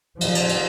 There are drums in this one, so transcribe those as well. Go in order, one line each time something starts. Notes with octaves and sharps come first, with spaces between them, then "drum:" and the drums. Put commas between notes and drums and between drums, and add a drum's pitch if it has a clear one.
F3, drum: cymbal
drum: cymbal
drum: cymbal